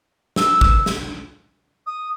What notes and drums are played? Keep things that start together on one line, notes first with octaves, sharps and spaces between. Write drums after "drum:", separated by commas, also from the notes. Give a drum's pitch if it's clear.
E6, drum: snare
drum: kick
drum: snare
D#6